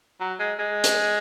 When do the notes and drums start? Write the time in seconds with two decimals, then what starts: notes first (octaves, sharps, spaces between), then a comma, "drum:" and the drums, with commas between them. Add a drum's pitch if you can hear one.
0.21 F#3
0.40 G#3
0.59 G#3
0.84 drum: hi-hat